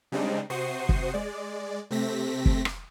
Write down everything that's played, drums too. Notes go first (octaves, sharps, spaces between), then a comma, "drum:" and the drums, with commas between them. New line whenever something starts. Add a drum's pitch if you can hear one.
C#3 G3 G#3 C4 D4 D#4
C3 F#4 C5 C#6 D#6 C7
drum: kick
G#3 D5
C3 A3 C4 A#6 B6
drum: kick
drum: rim click